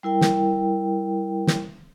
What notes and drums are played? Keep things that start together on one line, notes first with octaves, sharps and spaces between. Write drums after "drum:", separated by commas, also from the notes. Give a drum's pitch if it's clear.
G3 E4 A#4 G5
drum: snare
drum: snare